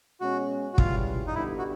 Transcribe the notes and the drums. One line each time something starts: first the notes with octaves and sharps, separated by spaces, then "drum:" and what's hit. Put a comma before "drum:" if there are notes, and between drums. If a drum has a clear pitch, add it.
B2 G#3 C#4 F#4
F#4
C#3 E3 G3 F4, drum: kick
D#4
D3 G3 B3 D4 E4 G4
F#4